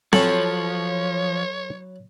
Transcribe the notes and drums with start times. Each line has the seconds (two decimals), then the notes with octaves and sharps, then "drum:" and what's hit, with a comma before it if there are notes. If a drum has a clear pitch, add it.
0.13 F3 F#3 A4 C#5 B5, drum: snare C4